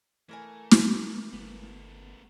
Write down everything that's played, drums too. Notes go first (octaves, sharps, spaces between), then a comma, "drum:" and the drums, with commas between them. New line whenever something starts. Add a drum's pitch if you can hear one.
E3 A3 A#4 G#5
drum: snare
G1 A3 B3